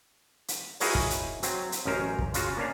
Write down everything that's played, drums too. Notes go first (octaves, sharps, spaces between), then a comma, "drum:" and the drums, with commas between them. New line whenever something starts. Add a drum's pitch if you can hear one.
drum: hi-hat
D#4 E4 F#4 G#4 A#4 C#5, drum: open hi-hat
drum: kick
drum: hi-hat
F#3 C4, drum: hi-hat
drum: hi-hat
A1 F#2 C#4 A#4 C5
drum: kick
C#3 F4 F#4, drum: hi-hat
A#3 C#4 D4 F5